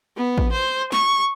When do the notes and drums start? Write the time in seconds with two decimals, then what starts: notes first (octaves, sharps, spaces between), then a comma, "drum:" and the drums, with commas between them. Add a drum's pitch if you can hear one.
0.17 B3
0.38 drum: kick A1
0.52 C5
0.92 C#6, drum: snare